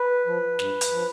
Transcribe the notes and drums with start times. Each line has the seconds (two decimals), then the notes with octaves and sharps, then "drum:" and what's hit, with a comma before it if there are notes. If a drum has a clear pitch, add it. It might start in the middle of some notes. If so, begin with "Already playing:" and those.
Already playing: B4
0.27 F3
0.59 G2, drum: snare
0.81 drum: hi-hat
0.92 F3